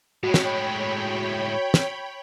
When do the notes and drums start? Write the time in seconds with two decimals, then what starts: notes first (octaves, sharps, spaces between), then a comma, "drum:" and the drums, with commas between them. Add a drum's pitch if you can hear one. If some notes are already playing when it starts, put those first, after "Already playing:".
0.23 A2 G#3 F#4 C#5 G5 B5
0.34 drum: snare
1.74 drum: snare